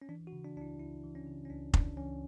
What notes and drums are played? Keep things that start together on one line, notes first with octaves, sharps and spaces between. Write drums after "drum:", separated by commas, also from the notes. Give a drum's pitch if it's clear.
C#4
E3 D4
F#4
C#3
D4
C#2 D4
E4
C#2 E4
E3
C#4
C#3
C#4
C#2 D4
C#2 D4, drum: kick F1
E3 C#4